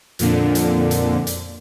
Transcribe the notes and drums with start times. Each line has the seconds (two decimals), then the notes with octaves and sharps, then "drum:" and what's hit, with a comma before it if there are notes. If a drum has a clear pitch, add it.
0.19 F2 A#2 D3, drum: hi-hat
0.55 drum: hi-hat
0.91 drum: hi-hat
1.27 drum: hi-hat